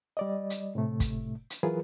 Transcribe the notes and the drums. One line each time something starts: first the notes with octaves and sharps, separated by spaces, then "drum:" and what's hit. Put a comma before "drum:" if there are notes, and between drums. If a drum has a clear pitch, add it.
G3 D5 D#5
drum: hi-hat
A2 C3 A3
drum: kick, hi-hat
drum: hi-hat
E3 F#3 F4 G#4 A#4 B4